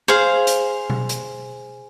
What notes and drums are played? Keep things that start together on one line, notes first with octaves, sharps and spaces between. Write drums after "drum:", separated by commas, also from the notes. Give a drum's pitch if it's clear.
G#4 C5 F5
drum: hi-hat
drum: tom B2
drum: hi-hat